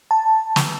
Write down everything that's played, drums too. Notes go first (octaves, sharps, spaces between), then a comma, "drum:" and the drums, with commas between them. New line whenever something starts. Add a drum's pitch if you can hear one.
A5
drum: snare